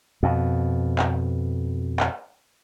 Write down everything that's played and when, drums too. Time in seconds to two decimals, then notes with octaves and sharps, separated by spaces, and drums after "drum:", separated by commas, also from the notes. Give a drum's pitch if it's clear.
0.23 F2 B2
0.99 drum: clap
2.00 drum: clap